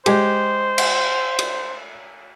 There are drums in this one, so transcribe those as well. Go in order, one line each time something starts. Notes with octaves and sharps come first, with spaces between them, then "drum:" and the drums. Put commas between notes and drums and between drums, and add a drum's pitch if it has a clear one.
G#3 G4 C5, drum: cymbal
drum: cymbal
drum: cymbal